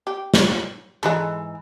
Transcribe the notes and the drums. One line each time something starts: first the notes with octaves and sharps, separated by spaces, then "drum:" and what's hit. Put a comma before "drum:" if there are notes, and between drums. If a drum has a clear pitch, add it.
G4
drum: snare
G#2 E3 G#3 A4